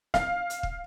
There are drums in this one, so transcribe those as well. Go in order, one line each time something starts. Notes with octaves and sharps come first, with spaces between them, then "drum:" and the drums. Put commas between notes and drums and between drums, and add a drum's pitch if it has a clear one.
F5, drum: snare
drum: hi-hat
drum: kick